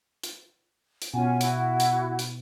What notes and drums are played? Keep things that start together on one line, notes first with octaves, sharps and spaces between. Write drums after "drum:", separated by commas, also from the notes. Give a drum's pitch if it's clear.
drum: hi-hat
drum: hi-hat
B2 C#4 F4 F#5 G#5
E4 F#4, drum: hi-hat
drum: hi-hat
drum: hi-hat